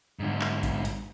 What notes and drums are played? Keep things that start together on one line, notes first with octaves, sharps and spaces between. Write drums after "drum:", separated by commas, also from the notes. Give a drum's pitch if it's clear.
G#2 D3
drum: clap
drum: kick A1, hi-hat
drum: hi-hat